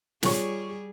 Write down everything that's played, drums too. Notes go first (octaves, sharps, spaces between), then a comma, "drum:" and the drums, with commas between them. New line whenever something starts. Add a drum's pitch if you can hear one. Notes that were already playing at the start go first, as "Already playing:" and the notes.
G3 F4 G#4 C#5 C#6, drum: snare